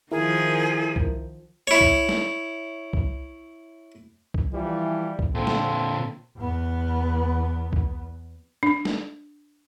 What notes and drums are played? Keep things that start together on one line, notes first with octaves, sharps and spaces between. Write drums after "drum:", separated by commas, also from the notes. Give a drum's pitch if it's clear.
D#3 F3 E4 G#4 A#4
drum: kick C2
E4 C#5
drum: kick C2
drum: snare
drum: kick C2
drum: kick C2
E3 F3 G3
drum: kick C2
A#2 D3 C4 F4 A4
drum: snare
E2 B3
drum: kick C2
D4
drum: snare